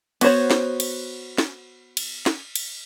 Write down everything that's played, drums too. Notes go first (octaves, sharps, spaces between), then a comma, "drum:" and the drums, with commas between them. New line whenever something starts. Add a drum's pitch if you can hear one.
B3 F#4 C5 C#5, drum: cymbal
drum: snare
drum: cymbal
drum: snare
drum: cymbal
drum: snare
drum: cymbal